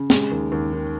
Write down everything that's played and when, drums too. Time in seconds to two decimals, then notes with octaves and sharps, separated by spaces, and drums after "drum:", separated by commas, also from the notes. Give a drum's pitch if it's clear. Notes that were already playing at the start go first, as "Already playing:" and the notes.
Already playing: C#3
0.10 G#3, drum: snare
0.31 D#2
0.52 D#2
0.73 D#3